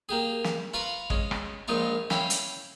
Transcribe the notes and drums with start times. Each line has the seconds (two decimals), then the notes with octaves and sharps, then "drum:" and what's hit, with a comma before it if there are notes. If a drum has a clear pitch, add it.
0.09 A#3 G4 G#4
0.44 drum: snare
0.74 F4 B4 F5 A#5 B5 C#6
1.10 G#3 C#4, drum: kick
1.31 drum: rim click
1.68 A#1 A#2 G#3 D#4 F4 C#6
2.10 C#4 E4 F5 G5, drum: snare
2.30 drum: hi-hat